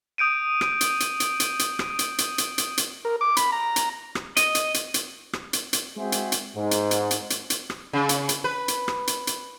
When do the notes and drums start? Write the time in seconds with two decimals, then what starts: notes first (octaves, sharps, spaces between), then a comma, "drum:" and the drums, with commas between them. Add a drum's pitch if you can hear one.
0.18 D#6 G6 D7 D#7
0.61 drum: rim click
0.81 drum: hi-hat
1.00 drum: hi-hat
1.20 drum: hi-hat
1.40 drum: hi-hat
1.59 drum: hi-hat
1.79 drum: rim click
1.99 drum: hi-hat
2.18 drum: hi-hat
2.38 drum: hi-hat
2.58 drum: hi-hat
2.77 drum: hi-hat
3.05 A#4
3.21 D6
3.37 B5, drum: hi-hat
3.52 A#5
3.76 drum: hi-hat
4.15 drum: rim click
4.37 D#5, drum: hi-hat
4.55 drum: hi-hat
4.74 drum: hi-hat
4.94 drum: hi-hat
5.33 drum: rim click
5.53 drum: hi-hat
5.73 drum: hi-hat
5.97 G#3 C4 F#4 G#4 C5 E5
6.12 drum: hi-hat
6.32 drum: hi-hat
6.55 G#2
6.71 drum: hi-hat
6.91 drum: hi-hat
7.11 drum: hi-hat
7.30 drum: hi-hat
7.50 drum: hi-hat
7.70 drum: rim click
7.93 C#3
8.09 drum: hi-hat
8.29 drum: hi-hat
8.44 B4
8.68 drum: hi-hat
8.88 drum: rim click
9.07 drum: hi-hat
9.27 drum: hi-hat